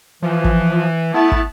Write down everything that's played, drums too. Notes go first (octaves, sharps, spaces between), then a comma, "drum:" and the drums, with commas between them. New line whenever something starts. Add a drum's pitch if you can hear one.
E3 F3
drum: kick
A3 B3 E4 A5
drum: kick